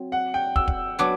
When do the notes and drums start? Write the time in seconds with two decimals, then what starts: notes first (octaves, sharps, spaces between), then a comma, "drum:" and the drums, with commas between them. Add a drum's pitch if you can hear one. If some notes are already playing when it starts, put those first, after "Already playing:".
Already playing: F#3 C4
0.12 F#5
0.34 G5
0.56 E6, drum: kick
0.68 drum: kick
0.99 F#3 B3 D4 F#4 D6